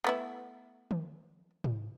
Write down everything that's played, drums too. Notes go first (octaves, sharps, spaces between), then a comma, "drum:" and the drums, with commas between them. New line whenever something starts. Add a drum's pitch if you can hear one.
A3 B3 E4
drum: tom
drum: tom